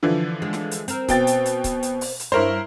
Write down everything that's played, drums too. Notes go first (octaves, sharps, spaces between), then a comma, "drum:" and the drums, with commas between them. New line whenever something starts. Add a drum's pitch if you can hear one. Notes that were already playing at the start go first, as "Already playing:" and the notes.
D3 E3 F3
G#3
drum: snare
drum: hi-hat
C4 A#4, drum: hi-hat
B2 G5 A6, drum: kick C#1, hi-hat
drum: hi-hat
drum: hi-hat
drum: kick C#1, hi-hat
drum: hi-hat
drum: open hi-hat
drum: hi-hat
G2 E4 A#4 C5 C#5